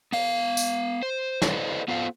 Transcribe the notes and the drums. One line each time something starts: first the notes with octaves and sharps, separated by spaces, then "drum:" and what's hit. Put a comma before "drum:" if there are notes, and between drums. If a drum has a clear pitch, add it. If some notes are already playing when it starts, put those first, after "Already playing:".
B3 F5, drum: open hi-hat
drum: tambourine
C5
E4 A4 B4 C5 D5 D#5, drum: snare
B3 F4 A4 C5 F5